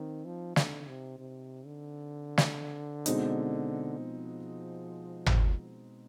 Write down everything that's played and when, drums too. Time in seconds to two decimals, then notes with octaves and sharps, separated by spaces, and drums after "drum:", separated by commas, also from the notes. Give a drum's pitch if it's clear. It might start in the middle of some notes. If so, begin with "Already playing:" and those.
Already playing: D#3 C4 D#4
0.25 F3
0.56 D3, drum: snare
0.88 C3
1.18 C3
1.66 D3
2.38 drum: snare
3.06 B2 G#3 C4 D#4, drum: hi-hat
3.99 F3
5.26 drum: tom G#1